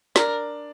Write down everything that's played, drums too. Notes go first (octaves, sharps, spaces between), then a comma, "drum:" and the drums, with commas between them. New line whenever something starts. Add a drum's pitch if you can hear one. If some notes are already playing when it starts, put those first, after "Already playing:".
D4 A#4 D5, drum: snare